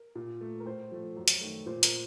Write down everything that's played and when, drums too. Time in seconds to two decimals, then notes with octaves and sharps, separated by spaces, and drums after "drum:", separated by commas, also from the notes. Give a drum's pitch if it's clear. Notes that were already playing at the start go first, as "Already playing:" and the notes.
Already playing: A#4
0.15 A#2
0.41 A3
0.60 A#4
0.66 A2 C5
0.92 F3 A3
1.16 F#2
1.28 drum: hi-hat
1.41 D#3 A3
1.66 A#2 C5
1.83 A#4, drum: hi-hat